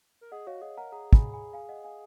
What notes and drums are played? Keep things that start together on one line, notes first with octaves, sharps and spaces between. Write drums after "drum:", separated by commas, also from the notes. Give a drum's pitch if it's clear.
A#4
G#4 D#5 F#5
F#4 C#5 F5
G#4 D#5 F#5
A#4 F#5 A#5
G#4 F#5 A#5
G#5 B5, drum: kick
G#5 B5
F5 G#5
D#5 F#5
F5 G#5